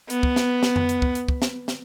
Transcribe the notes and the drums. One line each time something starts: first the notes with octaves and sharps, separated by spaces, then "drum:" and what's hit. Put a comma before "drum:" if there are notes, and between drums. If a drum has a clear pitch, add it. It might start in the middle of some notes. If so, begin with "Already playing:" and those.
B3, drum: hi-hat
drum: kick
drum: snare
drum: snare
drum: tom F2
drum: hi-hat
drum: kick
drum: hi-hat
drum: kick
drum: snare
drum: snare